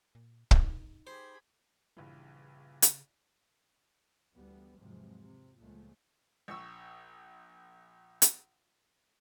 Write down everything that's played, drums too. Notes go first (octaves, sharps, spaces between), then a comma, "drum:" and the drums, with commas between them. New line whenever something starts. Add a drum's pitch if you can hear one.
A#2
D#4, drum: kick
G4 G#4 C5 B5
A#1 G2 C#3 E3
drum: hi-hat
D2 E3 G3 B3
E2 G#2 C3 F3 F#3 G#3
C3
C#2 A#2 F3 G#3 A3
A#1 C#6 E6
drum: hi-hat